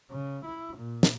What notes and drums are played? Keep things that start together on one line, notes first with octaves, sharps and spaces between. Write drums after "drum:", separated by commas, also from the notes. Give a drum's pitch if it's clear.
C#3
E4
A#2
drum: snare